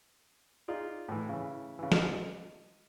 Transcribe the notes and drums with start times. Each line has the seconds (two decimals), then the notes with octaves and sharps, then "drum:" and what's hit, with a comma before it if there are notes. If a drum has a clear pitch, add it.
0.68 D#4 F4 G#4 D5
1.09 A2 E3
1.29 C#3 E3
1.79 C#3 E3
1.92 D#5 F6, drum: snare